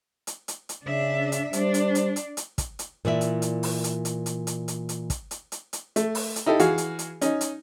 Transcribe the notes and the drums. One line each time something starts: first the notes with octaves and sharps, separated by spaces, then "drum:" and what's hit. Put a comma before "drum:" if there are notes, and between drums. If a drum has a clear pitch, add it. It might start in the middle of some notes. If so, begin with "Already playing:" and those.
drum: hi-hat
drum: hi-hat
drum: hi-hat
C#3 D4 E5
drum: hi-hat
G3 D4 C5, drum: hi-hat
drum: hi-hat
drum: hi-hat
drum: hi-hat
drum: hi-hat
drum: kick, hi-hat
drum: hi-hat
A#2 E3 D5 E5
drum: hi-hat
drum: hi-hat
drum: open hi-hat
drum: hi-hat
drum: hi-hat
drum: hi-hat
drum: hi-hat
drum: hi-hat
drum: hi-hat
drum: kick, hi-hat
drum: hi-hat
drum: hi-hat
drum: hi-hat
A3, drum: hi-hat
drum: open hi-hat
drum: hi-hat
D#4 E4 G4 A4
E3 F#4 G#4 F5, drum: hi-hat
drum: hi-hat
drum: hi-hat
C#4 D#4, drum: hi-hat
drum: hi-hat